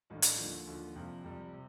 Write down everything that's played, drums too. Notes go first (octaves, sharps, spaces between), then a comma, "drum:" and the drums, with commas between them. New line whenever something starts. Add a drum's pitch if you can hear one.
A1 G2 D#3 A3 D#4
drum: hi-hat
D#2 D3 F3
D#2 D3 F3
F2 C3 G3
F2 C3 G3
C3